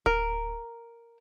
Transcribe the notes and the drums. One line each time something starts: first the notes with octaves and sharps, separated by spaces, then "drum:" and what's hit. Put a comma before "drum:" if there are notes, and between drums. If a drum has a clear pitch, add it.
A#4, drum: kick D1